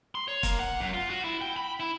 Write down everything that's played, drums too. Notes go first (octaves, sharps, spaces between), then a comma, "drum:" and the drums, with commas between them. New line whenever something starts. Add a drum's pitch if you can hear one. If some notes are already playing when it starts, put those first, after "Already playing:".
C6
C#5
A#3, drum: kick, hi-hat
F#5
F#2
F4
F#4
E4
G5
B5
E4